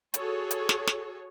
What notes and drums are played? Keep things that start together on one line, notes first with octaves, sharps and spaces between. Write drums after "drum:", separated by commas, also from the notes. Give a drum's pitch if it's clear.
F#4 G#4 A4 C#5, drum: hi-hat
drum: hi-hat
drum: snare
drum: snare